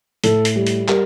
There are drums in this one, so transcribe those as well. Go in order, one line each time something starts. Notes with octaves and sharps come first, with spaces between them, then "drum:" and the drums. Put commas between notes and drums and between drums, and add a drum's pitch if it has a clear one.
A2 A4, drum: hi-hat
drum: hi-hat
G3
drum: hi-hat
G3 A#4, drum: clap